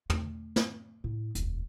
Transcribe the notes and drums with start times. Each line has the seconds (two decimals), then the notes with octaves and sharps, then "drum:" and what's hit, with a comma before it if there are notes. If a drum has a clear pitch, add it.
0.10 A3, drum: tom
0.56 drum: snare
1.04 A2
1.35 E1 D2, drum: hi-hat